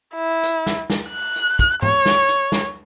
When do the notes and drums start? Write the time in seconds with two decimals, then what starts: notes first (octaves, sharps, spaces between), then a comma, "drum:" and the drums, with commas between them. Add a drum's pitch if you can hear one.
0.15 E4
0.43 drum: hi-hat
0.66 drum: snare
0.90 drum: snare
1.09 F#6
1.36 drum: hi-hat
1.59 drum: kick, hi-hat
1.82 C#5, drum: tom G#2
2.06 drum: snare
2.29 drum: hi-hat
2.52 drum: snare